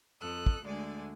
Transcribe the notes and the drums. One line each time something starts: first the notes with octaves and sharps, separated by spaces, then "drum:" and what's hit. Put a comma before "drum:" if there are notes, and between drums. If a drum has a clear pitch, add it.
F2 A4 D#6 F#6
drum: kick
D2 D3 G#3 D5 G#5